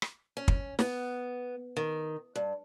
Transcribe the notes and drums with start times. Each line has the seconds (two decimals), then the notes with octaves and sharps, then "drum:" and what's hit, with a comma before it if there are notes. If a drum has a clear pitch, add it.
0.02 drum: rim click
0.37 C#4
0.48 drum: kick
0.79 B3, drum: snare
1.77 D#3
2.36 G2